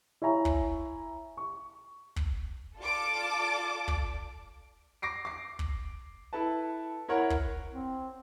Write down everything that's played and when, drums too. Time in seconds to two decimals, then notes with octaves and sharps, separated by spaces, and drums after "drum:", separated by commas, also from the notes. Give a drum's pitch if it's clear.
0.22 E4 C#5 E5 G#5 A#5 C#6
0.45 drum: kick
1.37 C#6
2.16 drum: kick
2.78 F4 A4 D5 A5 D6
3.88 drum: kick
5.02 D6 A#6 C7 D7
5.25 D6 C7
5.59 drum: kick
6.33 E4 A4 B4 A5
7.08 E4 A#4 C#5 F#5
7.30 drum: kick
7.73 C4